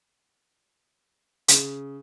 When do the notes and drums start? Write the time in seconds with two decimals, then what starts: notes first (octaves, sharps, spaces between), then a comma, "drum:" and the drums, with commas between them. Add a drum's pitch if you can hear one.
1.48 C#3, drum: hi-hat